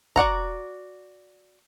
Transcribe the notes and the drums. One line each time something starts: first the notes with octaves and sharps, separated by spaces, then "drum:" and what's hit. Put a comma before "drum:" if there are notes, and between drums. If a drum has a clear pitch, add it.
F#4 D5 F#5 A#5, drum: kick